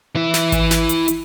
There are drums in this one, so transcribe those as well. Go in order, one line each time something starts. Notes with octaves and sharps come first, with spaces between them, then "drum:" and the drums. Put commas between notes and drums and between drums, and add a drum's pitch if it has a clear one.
E3 E4
drum: snare
drum: kick G#1, hi-hat
drum: snare
drum: hi-hat
drum: hi-hat